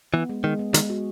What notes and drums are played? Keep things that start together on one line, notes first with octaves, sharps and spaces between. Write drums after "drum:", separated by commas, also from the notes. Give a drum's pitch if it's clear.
E3 B3
G#3
D#3 G#3
B3
D#3 G#3, drum: hi-hat
F#4